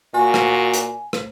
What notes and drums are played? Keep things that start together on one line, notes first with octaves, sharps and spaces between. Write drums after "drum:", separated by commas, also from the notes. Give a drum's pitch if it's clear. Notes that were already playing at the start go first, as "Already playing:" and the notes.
A#2 F#4 G#5
drum: rim click
drum: hi-hat
drum: rim click